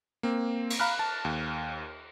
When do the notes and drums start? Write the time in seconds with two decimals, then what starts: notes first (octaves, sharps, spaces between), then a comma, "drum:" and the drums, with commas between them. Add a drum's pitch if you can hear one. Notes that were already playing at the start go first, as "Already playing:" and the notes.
0.23 A#3 C4
0.70 drum: cymbal
0.80 F5 A#5 B5 F6 F#6
0.99 A5
1.25 D#2